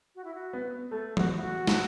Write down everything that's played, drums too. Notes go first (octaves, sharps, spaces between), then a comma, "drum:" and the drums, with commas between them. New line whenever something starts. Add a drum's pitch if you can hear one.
F#4
E4
F#4
B3
A3 A4
F#4, drum: tom E3
E4
F#4
drum: snare